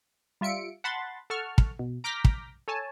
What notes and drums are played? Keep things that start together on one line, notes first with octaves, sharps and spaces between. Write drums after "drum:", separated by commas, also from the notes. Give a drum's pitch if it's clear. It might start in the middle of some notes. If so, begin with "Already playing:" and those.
G3 F4 E5 C#7 D7
F#5 A5 B5 C6 A6
A4 F#5 A5 C#6 F6
drum: kick
B2
A#5 D6 F6 G6 A#6 B6
drum: kick
A4 C#5 G#5 A5